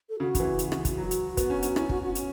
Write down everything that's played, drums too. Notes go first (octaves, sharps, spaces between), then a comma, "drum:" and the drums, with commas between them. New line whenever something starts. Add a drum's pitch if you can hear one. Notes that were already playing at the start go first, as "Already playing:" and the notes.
A4
C#3 F#4
C#3, drum: kick, hi-hat
E3
drum: hi-hat
drum: rim click
drum: kick, hi-hat
F#3 F#4
drum: hi-hat
B3, drum: kick, hi-hat
C#4
C#4, drum: hi-hat
C#4 E4, drum: rim click
F#4, drum: kick
F#4
C#4, drum: hi-hat